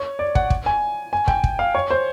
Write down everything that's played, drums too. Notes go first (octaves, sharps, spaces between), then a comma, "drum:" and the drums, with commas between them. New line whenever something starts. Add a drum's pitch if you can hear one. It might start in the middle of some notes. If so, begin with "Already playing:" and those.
Already playing: C#5
D5
F#5, drum: kick
drum: kick
G#5
G#5
G5, drum: kick
drum: kick
F5
C#5
C5